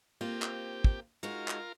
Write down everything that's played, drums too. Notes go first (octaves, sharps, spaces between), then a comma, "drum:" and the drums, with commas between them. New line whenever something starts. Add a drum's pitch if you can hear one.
A#3 C4 F4 G4
drum: clap
drum: kick
G#3 D#4 F4 F#4 A#4
drum: clap